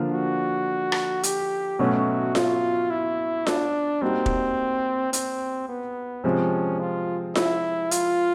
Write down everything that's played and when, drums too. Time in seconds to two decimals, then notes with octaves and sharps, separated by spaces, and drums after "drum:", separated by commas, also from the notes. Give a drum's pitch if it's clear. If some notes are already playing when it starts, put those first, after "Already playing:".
Already playing: D3 F3 A#3 D4 F4
0.12 F#4
0.92 drum: rim click
1.23 G4, drum: hi-hat
1.79 B2 F#3 A3 C#4 F#4
2.35 F4, drum: snare F4
2.90 E4
3.47 D4, drum: snare F4
4.02 G3 A#3 C4 D#4 F#4
4.26 drum: kick
5.13 C4, drum: hi-hat
5.68 B3
6.24 C3 F3 G#3 C#4
6.80 F4
7.35 E4, drum: snare F4
7.91 F4, drum: hi-hat